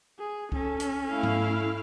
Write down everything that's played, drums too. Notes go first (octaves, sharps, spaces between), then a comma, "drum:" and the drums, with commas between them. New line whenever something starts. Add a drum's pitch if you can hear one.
G#4
C#4 A4, drum: kick
drum: hi-hat
A3 E4 F5
drum: tom G#2